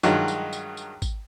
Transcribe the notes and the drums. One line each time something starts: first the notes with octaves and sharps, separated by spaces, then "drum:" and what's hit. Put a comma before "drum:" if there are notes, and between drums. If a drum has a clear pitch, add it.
G2 D#3 F#3 G#3 F4, drum: tambourine
drum: tambourine
drum: tambourine
drum: tambourine
drum: kick, tambourine